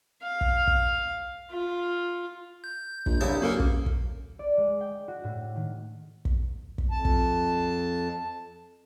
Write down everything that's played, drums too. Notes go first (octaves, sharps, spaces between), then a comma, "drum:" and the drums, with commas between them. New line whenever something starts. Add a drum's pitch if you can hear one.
F5
drum: kick
drum: kick
F4
G6
A#1, drum: kick
C2 G2 C#3 E4
F#2 A#3 A4 A#4
drum: kick
drum: kick
D5
G#3
G5
F#4
A2
D#3
drum: kick
drum: kick
F2 A5
drum: kick